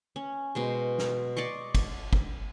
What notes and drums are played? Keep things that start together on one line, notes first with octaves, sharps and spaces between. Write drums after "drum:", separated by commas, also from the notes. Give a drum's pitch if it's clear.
C#4
B2 G#3 C5
drum: snare
D5 D#5 C6 C#6
drum: kick, cymbal
drum: kick